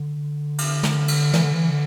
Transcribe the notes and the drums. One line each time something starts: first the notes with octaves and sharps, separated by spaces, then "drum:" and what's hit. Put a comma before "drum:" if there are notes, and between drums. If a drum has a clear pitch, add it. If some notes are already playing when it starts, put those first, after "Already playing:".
Already playing: D3
drum: cymbal
drum: snare
drum: cymbal
E3, drum: snare
D3
E3
D3